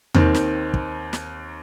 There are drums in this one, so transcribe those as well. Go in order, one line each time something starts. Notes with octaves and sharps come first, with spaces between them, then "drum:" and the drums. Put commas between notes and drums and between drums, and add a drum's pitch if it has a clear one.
D#2 D#3 C4, drum: tom E2
drum: snare
drum: kick
drum: snare